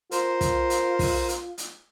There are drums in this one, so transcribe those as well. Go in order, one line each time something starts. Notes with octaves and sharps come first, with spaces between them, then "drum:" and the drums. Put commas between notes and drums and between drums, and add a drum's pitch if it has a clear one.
F4 A#4 C5, drum: hi-hat
drum: kick, hi-hat
drum: hi-hat
drum: kick, open hi-hat
drum: hi-hat
drum: hi-hat